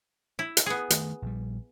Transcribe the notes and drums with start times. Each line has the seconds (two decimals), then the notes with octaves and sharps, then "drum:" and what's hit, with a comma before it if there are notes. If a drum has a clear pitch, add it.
0.39 E4
0.57 drum: hi-hat
0.66 B3 G#4
0.90 D#3 A3, drum: hi-hat
1.22 A#1 G3